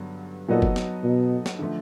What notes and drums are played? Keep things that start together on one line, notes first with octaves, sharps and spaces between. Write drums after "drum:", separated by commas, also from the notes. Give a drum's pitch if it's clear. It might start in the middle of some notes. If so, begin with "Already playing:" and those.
Already playing: G2 D3 F#3 B3
A#2 F#3 B3 D#4 F#4 A4
drum: kick
drum: snare
B2
drum: snare
D3 F3 A3